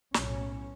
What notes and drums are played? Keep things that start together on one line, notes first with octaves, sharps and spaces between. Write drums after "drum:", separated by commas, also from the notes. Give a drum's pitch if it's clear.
B1 A2 C#4, drum: snare